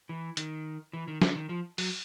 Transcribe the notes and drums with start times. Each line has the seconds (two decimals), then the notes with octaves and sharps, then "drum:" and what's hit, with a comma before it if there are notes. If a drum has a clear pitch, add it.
0.09 E3
0.37 D#3, drum: hi-hat
0.93 E3
1.08 D#3
1.22 D3, drum: snare
1.36 D#3
1.49 F3
1.78 F#3, drum: open hi-hat